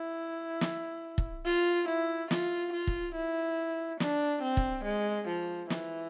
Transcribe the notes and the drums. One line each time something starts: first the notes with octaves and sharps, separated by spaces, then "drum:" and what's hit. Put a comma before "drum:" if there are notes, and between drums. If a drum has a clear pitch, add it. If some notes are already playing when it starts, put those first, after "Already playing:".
Already playing: E4
drum: snare
drum: kick
F4
E4
F4, drum: snare
F4
drum: kick
E4
D4, drum: snare
C4
drum: kick
G#3
F3
E3, drum: snare